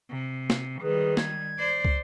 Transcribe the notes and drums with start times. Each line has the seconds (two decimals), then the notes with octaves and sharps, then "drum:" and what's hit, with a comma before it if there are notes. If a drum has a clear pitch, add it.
0.10 C3
0.50 drum: snare
0.83 D#3 G3 G#4 B4
1.17 G#6, drum: snare
1.59 C5 D5
1.85 drum: kick